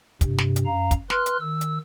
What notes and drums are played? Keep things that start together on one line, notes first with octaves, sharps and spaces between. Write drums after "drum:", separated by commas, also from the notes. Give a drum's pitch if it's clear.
G2 C3, drum: kick, hi-hat
drum: snare
drum: hi-hat
F#2 F5 A#5
drum: kick, hi-hat
B4 C6 F6 F#6, drum: snare
drum: hi-hat
D#3 E6
drum: hi-hat